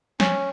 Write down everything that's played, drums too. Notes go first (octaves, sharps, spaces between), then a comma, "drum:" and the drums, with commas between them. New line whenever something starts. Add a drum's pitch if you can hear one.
C#4, drum: snare